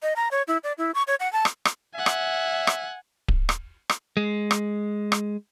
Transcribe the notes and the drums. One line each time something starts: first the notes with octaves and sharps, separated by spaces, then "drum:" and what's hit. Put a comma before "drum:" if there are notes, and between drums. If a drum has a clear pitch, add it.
D#5
A#5
C#5
E4
D5
E4
C#6
C#5
F#5
A5
drum: rim click
drum: rim click
E5 F#5 G#5
drum: rim click
drum: rim click
drum: kick D1
drum: rim click
drum: rim click
G#3
drum: rim click
drum: rim click